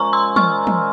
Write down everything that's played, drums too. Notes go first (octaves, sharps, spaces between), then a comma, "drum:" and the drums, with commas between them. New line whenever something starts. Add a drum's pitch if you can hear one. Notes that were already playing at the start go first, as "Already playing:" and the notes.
Already playing: A#2 F3 G#3 C#4 A#5 C#6
C6 E6
C#6 F6, drum: tom
drum: tom